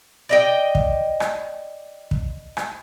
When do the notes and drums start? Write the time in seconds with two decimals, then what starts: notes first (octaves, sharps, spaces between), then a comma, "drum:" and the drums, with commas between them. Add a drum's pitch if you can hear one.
0.29 D5 D#5 G5
0.75 drum: kick
1.20 drum: rim click
2.11 drum: kick
2.57 drum: rim click